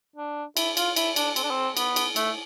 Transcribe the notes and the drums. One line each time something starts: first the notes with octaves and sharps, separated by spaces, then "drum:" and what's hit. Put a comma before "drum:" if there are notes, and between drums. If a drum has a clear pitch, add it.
D4
E4, drum: cymbal
F4, drum: cymbal
E4, drum: cymbal
D4, drum: cymbal
C4, drum: cymbal
D4
C4
B3, drum: cymbal
drum: cymbal
A3, drum: cymbal